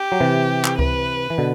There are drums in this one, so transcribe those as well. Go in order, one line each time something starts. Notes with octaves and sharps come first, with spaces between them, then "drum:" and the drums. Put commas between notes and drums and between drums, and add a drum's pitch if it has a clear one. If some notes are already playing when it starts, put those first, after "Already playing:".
Already playing: G4
F#3
C3 E3
drum: clap
B4, drum: kick C#2
E3
B2 D3